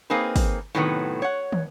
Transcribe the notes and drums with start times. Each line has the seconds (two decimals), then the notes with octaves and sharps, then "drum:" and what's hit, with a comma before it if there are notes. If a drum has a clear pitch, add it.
0.10 A#3 C4 D#4 G#4 B4
0.36 drum: kick, open hi-hat
0.75 A2 C3 D#3 F#3 A#3 B3
1.22 C#5 F#5
1.52 drum: tom